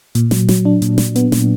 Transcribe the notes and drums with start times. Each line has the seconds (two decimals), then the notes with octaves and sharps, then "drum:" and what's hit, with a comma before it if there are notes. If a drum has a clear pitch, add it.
0.15 A#2, drum: hi-hat
0.31 F#3, drum: snare
0.49 F#3, drum: snare
0.65 D4
0.82 A#2, drum: hi-hat
0.98 A#2, drum: snare
1.16 B3, drum: hi-hat
1.32 A#2, drum: snare